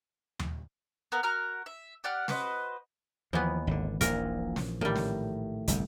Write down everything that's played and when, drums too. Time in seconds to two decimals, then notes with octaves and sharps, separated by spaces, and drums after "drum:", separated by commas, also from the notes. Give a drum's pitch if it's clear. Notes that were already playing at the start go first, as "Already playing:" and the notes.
0.39 drum: tom D#2
1.12 B3 A#4 F5
1.23 F#4 A#4 A#5 F6
1.66 E5
2.04 G4 D5 F#5 F6
2.28 F#4 B4 C5 D#5, drum: snare
3.33 D#2 E3 F3 B3
3.67 G#1 D3
4.01 D#1 A#1 A#2 E3 F3 A#4, drum: hi-hat
4.56 drum: snare
4.81 A2 D#3 G3
4.96 drum: snare
5.68 G1 C2 C3, drum: hi-hat